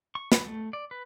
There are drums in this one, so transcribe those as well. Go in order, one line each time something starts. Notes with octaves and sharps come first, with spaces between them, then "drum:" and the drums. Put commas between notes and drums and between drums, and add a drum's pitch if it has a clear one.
C#6
B4, drum: snare
A3
D5
B4